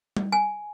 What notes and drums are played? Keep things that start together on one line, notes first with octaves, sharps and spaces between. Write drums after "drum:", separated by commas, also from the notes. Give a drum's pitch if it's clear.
drum: tom G3
G#5